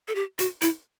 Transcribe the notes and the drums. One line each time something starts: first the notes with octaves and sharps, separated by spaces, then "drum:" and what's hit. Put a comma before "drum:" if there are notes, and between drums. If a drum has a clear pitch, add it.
A4
G4
F#4, drum: hi-hat
E4, drum: hi-hat